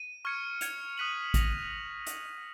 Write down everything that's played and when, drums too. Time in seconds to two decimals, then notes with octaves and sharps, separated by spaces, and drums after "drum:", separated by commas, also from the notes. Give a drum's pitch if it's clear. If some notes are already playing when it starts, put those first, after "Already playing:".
Already playing: D#7
0.25 C#6 F6 G#6 C#7
0.61 G#6 C#7 F7, drum: hi-hat
0.97 D#6 F#6 B6 D#7 F#7
1.34 D#6 A#6 F7, drum: kick, hi-hat
2.07 drum: hi-hat